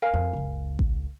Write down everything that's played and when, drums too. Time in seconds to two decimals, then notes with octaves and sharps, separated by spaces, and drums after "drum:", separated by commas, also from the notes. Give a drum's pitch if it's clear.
0.02 A#4 F5 G#5
0.14 F2
0.33 F#1 C#2
0.79 drum: kick A1